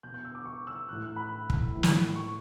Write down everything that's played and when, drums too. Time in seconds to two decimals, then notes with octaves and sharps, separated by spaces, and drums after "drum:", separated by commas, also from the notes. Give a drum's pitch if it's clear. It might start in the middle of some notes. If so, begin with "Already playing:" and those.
0.03 B2 G6
0.14 G6
0.25 E6
0.35 D6
0.45 C#6
0.67 E6
0.88 A2 E3 F#6
1.02 F#6
1.16 B5
1.50 drum: kick
1.73 A2 E3
1.83 drum: snare
2.15 C#6